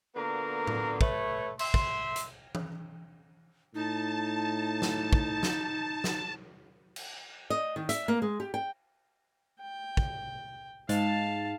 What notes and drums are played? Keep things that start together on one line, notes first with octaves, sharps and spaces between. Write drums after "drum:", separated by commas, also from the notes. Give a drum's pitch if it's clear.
A#2 D3 A#3 B3 F#4 A#4
drum: tom A2
A3 B4 C#5, drum: kick
E5 C6, drum: cymbal
drum: kick
drum: hi-hat
drum: tom E3
A2 D#4 A5
drum: snare
drum: kick
drum: snare
drum: snare
drum: cymbal
D#5
D#3
E5, drum: hi-hat
A#3
G#3
G4
G5
G5
drum: kick
G#2 G#3 F5 A5 A6, drum: hi-hat